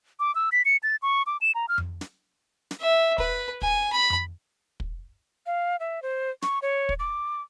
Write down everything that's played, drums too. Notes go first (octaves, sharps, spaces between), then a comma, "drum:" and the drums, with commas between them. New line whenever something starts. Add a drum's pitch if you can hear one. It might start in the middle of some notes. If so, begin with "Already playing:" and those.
D6
E6
B6
C#7
A6
C#6
D6
E7
A#5
F6
drum: tom F2
drum: snare
drum: snare
E5
B4, drum: kick
G#5, drum: kick
B5
drum: tom F2
drum: kick
F5
E5
C5
C#6, drum: snare
C#5
drum: kick
D6